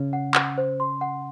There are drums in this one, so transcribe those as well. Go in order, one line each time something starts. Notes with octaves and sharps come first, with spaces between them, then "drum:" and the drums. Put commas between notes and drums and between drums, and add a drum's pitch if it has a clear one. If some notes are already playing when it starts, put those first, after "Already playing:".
Already playing: C#3 C#4
F#5
F#5, drum: clap
C5
C6
F#5